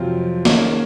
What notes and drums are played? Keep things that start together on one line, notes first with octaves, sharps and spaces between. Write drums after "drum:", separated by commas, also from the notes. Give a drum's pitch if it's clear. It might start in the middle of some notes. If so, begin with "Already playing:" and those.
Already playing: F2 C3 F#3 C4 F4
D#3 A#3 C#4 G#4, drum: snare